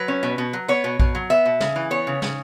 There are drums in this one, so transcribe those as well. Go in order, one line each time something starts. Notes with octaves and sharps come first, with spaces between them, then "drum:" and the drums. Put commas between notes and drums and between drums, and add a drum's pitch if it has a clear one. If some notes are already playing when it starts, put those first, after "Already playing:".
Already playing: F#3 B4
C#4
B2
B2
F#3
B3 C#5
B2
B2, drum: kick A#1
F#3
B3 E5
B2
C#3, drum: snare
E3
B3 C#5
C#3
C#3, drum: snare